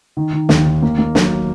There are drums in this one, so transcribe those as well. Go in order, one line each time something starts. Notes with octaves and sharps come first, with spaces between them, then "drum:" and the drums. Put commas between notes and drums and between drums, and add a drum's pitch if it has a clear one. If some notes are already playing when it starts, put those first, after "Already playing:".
D#3
D#3
D#2, drum: snare
D#3
A#3
A#3
F#3, drum: snare